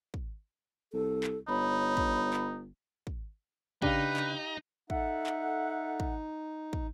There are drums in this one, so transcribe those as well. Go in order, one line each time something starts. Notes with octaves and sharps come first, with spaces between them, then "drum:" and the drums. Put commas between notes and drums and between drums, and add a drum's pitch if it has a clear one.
drum: kick
C2 A4
drum: clap
G1 D#4 C#5 B5
drum: kick
drum: clap
drum: kick
C#3 D4 D#4 G4 B4 F5, drum: kick
drum: clap
D#4 A4 E5 F#5, drum: kick
drum: clap
drum: kick
drum: kick